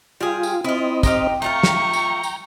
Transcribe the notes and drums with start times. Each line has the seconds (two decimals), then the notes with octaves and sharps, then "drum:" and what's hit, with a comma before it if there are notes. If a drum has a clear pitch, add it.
0.21 G3 F4 G#4
0.43 drum: tambourine
0.64 C4 E4 F4 D#5
1.03 D#4 G4 F5, drum: kick, tambourine
1.42 A3 F4 F5 G5 A#5 C#6
1.63 drum: snare
1.93 drum: tambourine
2.23 drum: tambourine